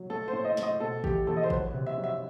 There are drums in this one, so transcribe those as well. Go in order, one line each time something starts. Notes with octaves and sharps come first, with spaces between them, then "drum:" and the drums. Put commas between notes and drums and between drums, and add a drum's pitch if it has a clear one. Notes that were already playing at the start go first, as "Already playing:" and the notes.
Already playing: F#3
A3 A4
C5
A2
D#5
A3, drum: snare
D#5
B2 A4
E2 G4, drum: kick
E2 A4
D#5
C5
F#3 B4, drum: kick
C3
E5
F#3
E5